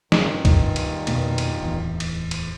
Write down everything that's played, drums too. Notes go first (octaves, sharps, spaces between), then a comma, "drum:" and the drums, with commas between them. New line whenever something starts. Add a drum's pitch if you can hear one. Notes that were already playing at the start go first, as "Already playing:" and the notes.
G2 A#2 D#3, drum: snare
drum: kick, cymbal
drum: cymbal
F2 B2 A#3, drum: cymbal
drum: cymbal
D1 E2
drum: cymbal
drum: cymbal